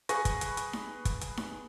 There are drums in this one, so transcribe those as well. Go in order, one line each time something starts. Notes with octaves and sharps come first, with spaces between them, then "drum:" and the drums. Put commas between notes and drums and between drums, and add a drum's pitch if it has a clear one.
G#4 B4 G#5 C#6 A#6, drum: hi-hat
drum: kick, hi-hat
drum: hi-hat
drum: hi-hat
drum: snare D#4
drum: kick, hi-hat
drum: hi-hat
drum: snare D#4